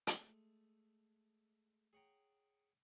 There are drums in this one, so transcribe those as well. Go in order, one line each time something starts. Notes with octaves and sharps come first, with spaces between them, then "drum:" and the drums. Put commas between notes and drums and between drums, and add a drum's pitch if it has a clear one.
G#3 A3, drum: hi-hat
G#4 C#5 F#5 G5 A#5